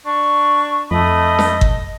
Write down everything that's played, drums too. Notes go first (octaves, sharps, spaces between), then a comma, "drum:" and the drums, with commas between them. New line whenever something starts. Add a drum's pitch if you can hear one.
D4 C#6
F2 A3 D#5 B5 D#6
drum: snare
drum: kick G1